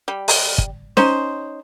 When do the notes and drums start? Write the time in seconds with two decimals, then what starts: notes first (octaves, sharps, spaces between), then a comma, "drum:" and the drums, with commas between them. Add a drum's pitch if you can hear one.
0.08 G3
0.28 drum: open hi-hat
0.58 drum: kick
0.97 C#4 D#4 C5, drum: snare C#4